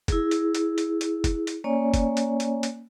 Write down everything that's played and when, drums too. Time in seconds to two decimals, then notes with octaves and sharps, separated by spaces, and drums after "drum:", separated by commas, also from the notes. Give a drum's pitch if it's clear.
0.08 E4 G#4, drum: kick, hi-hat
0.31 drum: hi-hat
0.55 drum: hi-hat
0.78 drum: hi-hat
1.01 drum: hi-hat
1.24 drum: kick, hi-hat
1.47 drum: hi-hat
1.64 A#3 C#4 C#5 D5 G#5
1.94 drum: kick, hi-hat
2.17 drum: hi-hat
2.40 drum: hi-hat
2.63 drum: hi-hat